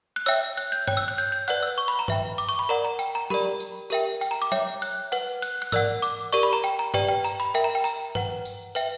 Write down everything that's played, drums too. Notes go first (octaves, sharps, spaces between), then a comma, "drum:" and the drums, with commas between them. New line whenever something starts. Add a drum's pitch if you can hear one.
F#6
C#5 E5 G5 E6, drum: tambourine
F#6, drum: tambourine
G6
C#5 G5 F#6, drum: tom G2
E6
F#6
G6, drum: tambourine
G6
B4 D5 F#5 F#6, drum: tambourine
E6
C#6
B5
A#5
B4 E5 G5, drum: tom G2
D6, drum: tambourine
C#6
B5
A#4 D5 F#5 A#5
A#5
G5, drum: tambourine
A#5
G4 A#4 D5 B5, drum: tom F#3
drum: tambourine
G4 A#4 E5 G5, drum: tambourine
G5, drum: tambourine
A#5
D6
C#5 E5 G5, drum: tom F#3
F#6, drum: tambourine
B4 F#5, drum: tambourine
F#6, drum: tambourine
F#6
A#4 D5 F#5 E6, drum: tom G#2
D6, drum: tambourine
G4 A#4 D5 C#6, drum: tambourine
B5
A#5
G5, drum: tambourine
A#5
G4 B4 D5 G5, drum: tom G2
G5
A#5, drum: tambourine
B5
A#4 E5 G5, drum: tambourine
A#5
G5
A#5, drum: tambourine
B4 F#5, drum: tom G2
drum: tambourine
B4 E5 G5, drum: tambourine